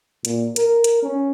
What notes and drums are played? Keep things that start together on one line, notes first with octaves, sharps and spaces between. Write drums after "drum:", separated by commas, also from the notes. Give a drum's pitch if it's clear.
A#2, drum: hi-hat
A#4, drum: hi-hat
drum: hi-hat
C#4